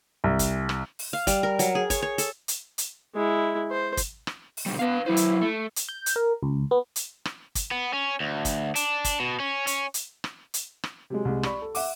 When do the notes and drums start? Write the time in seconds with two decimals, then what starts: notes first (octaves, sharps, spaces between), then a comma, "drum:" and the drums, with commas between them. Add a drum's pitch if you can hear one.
0.24 C2
0.39 drum: kick, hi-hat
0.69 drum: rim click
0.99 drum: open hi-hat
1.13 F5
1.27 G3, drum: kick, hi-hat
1.43 A#4
1.59 F#3, drum: hi-hat
1.75 G#4
1.90 C#5, drum: kick, hi-hat
2.02 C#5
2.18 A4, drum: hi-hat
2.48 drum: hi-hat
2.78 drum: hi-hat
3.15 G#3 E4
3.71 C5
3.97 drum: kick, hi-hat
4.27 drum: rim click
4.57 drum: open hi-hat
4.66 B2 D3 G3
4.79 B3 B4 F5
5.06 F#3 E4 B4 C5
5.17 drum: hi-hat
5.41 A3
5.76 drum: hi-hat
5.89 G6
6.06 drum: hi-hat
6.16 A#4
6.43 C#2
6.71 B3
6.96 drum: hi-hat
7.25 drum: rim click
7.55 drum: kick, hi-hat
7.71 B3
7.93 C#4
8.20 D2
8.45 drum: kick, hi-hat
8.75 D4, drum: hi-hat
9.05 drum: kick, hi-hat
9.20 B2
9.40 C#4
9.67 C#4, drum: hi-hat
9.94 drum: hi-hat
10.24 drum: rim click
10.54 drum: hi-hat
10.84 drum: rim click
11.10 C3 F#3 G#3
11.25 C2 G#3
11.43 D5 B5 C#6, drum: rim click
11.62 A4
11.75 E5 F#5 D6, drum: open hi-hat